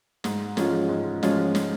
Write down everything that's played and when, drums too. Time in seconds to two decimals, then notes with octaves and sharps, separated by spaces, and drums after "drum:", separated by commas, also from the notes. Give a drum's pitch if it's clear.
0.24 G#2, drum: snare
0.57 F3 G#3 C#4 F4, drum: snare
0.89 G#2
1.23 F3 G#3 C#4 F4, drum: snare
1.55 drum: snare